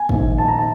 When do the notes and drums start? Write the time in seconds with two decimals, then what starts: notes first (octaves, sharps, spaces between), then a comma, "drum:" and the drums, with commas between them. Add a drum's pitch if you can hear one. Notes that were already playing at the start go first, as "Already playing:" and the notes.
Already playing: G#5
0.09 A#1 G#2 D#3, drum: kick
0.38 A5
0.48 A#5
0.58 A5